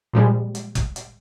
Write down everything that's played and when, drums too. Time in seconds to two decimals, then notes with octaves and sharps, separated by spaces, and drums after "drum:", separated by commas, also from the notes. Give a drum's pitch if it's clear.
0.14 A#2 F3 G3 G#3
0.55 drum: hi-hat
0.75 drum: kick F#1, hi-hat
0.96 drum: hi-hat